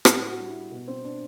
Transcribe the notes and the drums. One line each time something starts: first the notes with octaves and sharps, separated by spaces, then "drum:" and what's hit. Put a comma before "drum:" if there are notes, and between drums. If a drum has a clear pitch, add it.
A2 E4, drum: rim click
F#4
G3
E4
B2
C4
D4